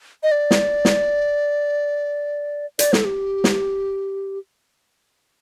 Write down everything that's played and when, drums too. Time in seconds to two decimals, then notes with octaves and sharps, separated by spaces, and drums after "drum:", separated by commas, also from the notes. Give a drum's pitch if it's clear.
0.23 D#5
0.32 D5
0.51 drum: snare
0.85 drum: snare
2.79 D5, drum: hi-hat
2.93 A4, drum: snare
3.05 G4
3.44 drum: snare